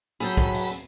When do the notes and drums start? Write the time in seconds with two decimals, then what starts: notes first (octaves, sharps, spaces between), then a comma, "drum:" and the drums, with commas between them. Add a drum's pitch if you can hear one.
0.20 F#3 G#4 A4 G5 B5, drum: hi-hat
0.37 drum: kick, hi-hat
0.54 drum: open hi-hat
0.71 drum: hi-hat